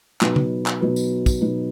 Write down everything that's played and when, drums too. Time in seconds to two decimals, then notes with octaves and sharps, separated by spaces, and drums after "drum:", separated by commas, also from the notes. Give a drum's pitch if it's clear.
0.21 B2 F#3 D#4 B4, drum: clap
0.36 drum: tom
0.66 drum: clap
0.81 B2 F#3 D#4 B4
0.96 drum: tambourine
1.26 drum: kick, tambourine
1.41 B2 F#3 D#4 B4